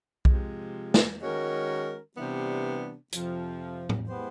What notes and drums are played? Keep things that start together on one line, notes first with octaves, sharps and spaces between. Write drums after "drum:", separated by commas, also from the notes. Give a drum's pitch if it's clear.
C3 F3 G#3, drum: kick B1
drum: snare
D#3 G#3 C#4 F#4 A#4
C3 E3 G3 B3 D4
F2 C3 F3, drum: hi-hat
drum: tom A2
G#3 B3 E4 G4 C5